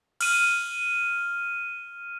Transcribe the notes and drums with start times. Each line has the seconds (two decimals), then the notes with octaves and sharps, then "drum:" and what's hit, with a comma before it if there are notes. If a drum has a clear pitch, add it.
0.21 F6 D#7, drum: cymbal